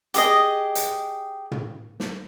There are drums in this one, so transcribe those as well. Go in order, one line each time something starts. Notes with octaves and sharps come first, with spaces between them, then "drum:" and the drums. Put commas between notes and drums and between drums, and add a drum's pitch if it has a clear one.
G4 G#4 D#5, drum: hi-hat
drum: hi-hat
drum: tom
drum: snare